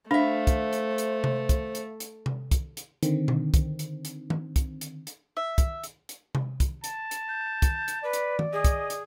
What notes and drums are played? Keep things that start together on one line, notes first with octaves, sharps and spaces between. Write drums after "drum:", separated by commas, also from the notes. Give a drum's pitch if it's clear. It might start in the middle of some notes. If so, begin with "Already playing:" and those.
A3 D4 C5 E5 F5
drum: kick, hi-hat
drum: hi-hat
drum: hi-hat
drum: tom C3
drum: kick, hi-hat
drum: hi-hat
drum: hi-hat
drum: tom C3
drum: kick, hi-hat
drum: hi-hat
D3 D#3 C4, drum: hi-hat
drum: tom B2
drum: kick, hi-hat
drum: hi-hat
drum: hi-hat
drum: tom D#3
drum: kick, hi-hat
drum: hi-hat
drum: hi-hat
E5
drum: kick, hi-hat
drum: hi-hat
drum: hi-hat
drum: tom C3
drum: kick, hi-hat
A5, drum: hi-hat
drum: hi-hat
G6
drum: kick, hi-hat
drum: hi-hat
B4 D5
drum: hi-hat
drum: tom D#3
G#4 D#5
drum: kick, hi-hat
drum: hi-hat